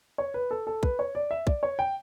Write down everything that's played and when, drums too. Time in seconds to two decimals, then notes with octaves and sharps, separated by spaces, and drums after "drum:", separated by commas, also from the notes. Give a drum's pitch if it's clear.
0.18 C#5
0.34 B4
0.51 A4
0.67 A4
0.83 B4, drum: kick
0.99 C#5
1.15 D5
1.31 E5
1.47 D5, drum: kick
1.63 C#5
1.79 G5